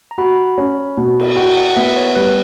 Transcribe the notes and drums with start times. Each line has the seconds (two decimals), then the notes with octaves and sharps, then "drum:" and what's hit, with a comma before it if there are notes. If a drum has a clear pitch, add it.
0.11 A#5
0.18 F#4 B5
0.58 C#4
0.97 B2
1.20 drum: cymbal
1.36 F#4 G5
1.57 F#5
1.76 B3 E5
1.96 C#5
2.15 G3 B4